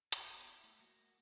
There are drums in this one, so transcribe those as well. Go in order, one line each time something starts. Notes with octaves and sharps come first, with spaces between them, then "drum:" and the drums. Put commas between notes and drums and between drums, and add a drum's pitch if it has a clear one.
D3 E5, drum: hi-hat
B3
E4
A3
A#3 F#4